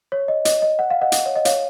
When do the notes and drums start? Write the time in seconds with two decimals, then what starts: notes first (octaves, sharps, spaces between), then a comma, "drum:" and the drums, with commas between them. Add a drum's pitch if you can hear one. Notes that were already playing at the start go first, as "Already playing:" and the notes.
0.12 C#5
0.28 D#5
0.45 D#5, drum: hi-hat
0.62 D#5
0.79 F#5
0.90 F5
1.01 D#5 F#5
1.12 drum: hi-hat
1.26 C#5
1.35 D#5
1.45 C#5 F5, drum: hi-hat